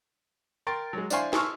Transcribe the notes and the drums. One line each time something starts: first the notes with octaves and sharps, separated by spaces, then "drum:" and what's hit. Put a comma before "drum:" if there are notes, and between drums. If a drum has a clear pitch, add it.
A#4 G5 C6 A6 D7
F#3 G#3
D4 E4 C5 F5 G#5 C6, drum: tambourine
G#5 A5 C6 C#6 E6 F6, drum: snare